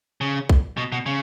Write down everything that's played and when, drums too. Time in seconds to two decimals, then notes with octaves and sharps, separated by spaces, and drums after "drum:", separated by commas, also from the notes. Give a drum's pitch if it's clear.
0.21 C#3
0.49 drum: kick B1
0.77 B2
0.92 B2
1.06 C#3